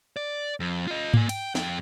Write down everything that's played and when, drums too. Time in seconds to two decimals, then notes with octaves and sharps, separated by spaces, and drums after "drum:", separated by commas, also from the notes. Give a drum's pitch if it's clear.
0.16 D5
0.60 F2
0.88 F4 D#5
1.14 A#3 G#5, drum: tom G#2
1.29 G5, drum: cymbal
1.55 F2 G5, drum: snare